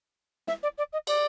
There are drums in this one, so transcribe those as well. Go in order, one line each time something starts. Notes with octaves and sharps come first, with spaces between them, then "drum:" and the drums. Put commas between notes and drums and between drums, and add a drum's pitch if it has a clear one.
E5, drum: snare
D5
D5
D#5
D5, drum: cymbal